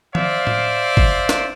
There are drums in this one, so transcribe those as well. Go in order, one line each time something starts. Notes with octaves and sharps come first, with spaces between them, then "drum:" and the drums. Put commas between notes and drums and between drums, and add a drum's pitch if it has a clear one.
C5 D5 E5 F5, drum: tom D#3
drum: tom A2
drum: kick
drum: snare